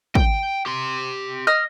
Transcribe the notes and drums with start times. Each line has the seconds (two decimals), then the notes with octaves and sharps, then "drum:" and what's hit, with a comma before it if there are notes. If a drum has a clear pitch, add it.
0.15 G5, drum: kick
0.66 G4 C6
1.47 D#5 D#6 F6